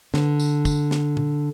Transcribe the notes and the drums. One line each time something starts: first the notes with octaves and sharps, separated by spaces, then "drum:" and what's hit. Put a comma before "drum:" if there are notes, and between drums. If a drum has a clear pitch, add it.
D3, drum: snare
drum: tambourine
drum: kick, tambourine
drum: snare
drum: tom A#2